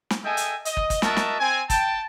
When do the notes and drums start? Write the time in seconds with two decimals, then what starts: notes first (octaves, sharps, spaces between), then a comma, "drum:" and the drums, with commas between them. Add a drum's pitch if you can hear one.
0.10 drum: snare
0.24 G#4 A4 D#5 E5 G5 G#5
0.37 drum: hi-hat
0.65 D#5, drum: hi-hat
0.77 drum: kick
0.90 drum: kick, hi-hat
1.02 F#4 A#4 D#5 E5 A5, drum: snare
1.17 drum: snare
1.39 C4 G#5
1.70 G5 A5, drum: kick, hi-hat